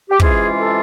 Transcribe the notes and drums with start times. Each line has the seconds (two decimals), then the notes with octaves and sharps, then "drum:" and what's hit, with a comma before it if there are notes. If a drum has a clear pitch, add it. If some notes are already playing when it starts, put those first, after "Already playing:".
0.10 G4
0.20 C3 E3 G#3 C#4 F4 G#4, drum: kick
0.58 A4